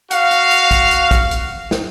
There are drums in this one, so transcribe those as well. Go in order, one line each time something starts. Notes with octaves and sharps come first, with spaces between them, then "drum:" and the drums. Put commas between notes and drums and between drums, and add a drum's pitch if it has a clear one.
F#4 F5, drum: hi-hat
drum: hi-hat
drum: hi-hat
drum: kick, hi-hat
drum: hi-hat
drum: kick, hi-hat
drum: hi-hat
drum: snare